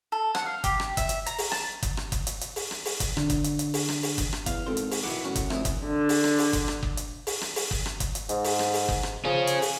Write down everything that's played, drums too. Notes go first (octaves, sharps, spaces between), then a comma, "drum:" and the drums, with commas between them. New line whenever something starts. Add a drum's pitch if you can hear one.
A4
F#5, drum: rim click
F5
G4, drum: kick F#1, hi-hat
drum: rim click
E5, drum: kick F#1, hi-hat
drum: hi-hat
A#5, drum: hi-hat
drum: open hi-hat
A5, drum: rim click
drum: kick F#1, hi-hat
drum: rim click
drum: kick F#1, hi-hat
drum: hi-hat
drum: hi-hat
drum: open hi-hat
drum: rim click
drum: open hi-hat
drum: kick F#1, hi-hat
D3, drum: rim click
drum: kick F#1, hi-hat
drum: hi-hat
drum: hi-hat
drum: open hi-hat
drum: rim click
drum: open hi-hat
drum: kick F#1, hi-hat
drum: rim click
E2 F5, drum: kick F#1, hi-hat
G#1 C4 A4 C5
drum: hi-hat
drum: open hi-hat
B2 D#3 F#3 E4 F#5 D6
F#2 A2 C#3 C#4 F#4
drum: kick F#1, hi-hat
F1 C2 G#3 E4 D#6, drum: rim click
drum: kick F#1, hi-hat
D3
drum: open hi-hat
drum: rim click
drum: open hi-hat
drum: kick F#1, hi-hat
drum: rim click
drum: kick F#1
drum: hi-hat
drum: open hi-hat
drum: rim click
drum: open hi-hat
drum: kick F#1
drum: rim click
drum: kick F#1, hi-hat
drum: hi-hat
G#2, drum: hi-hat
drum: open hi-hat
drum: rim click
drum: open hi-hat
drum: kick F#1
drum: rim click
F3 C#4 G#4
drum: hi-hat
drum: open hi-hat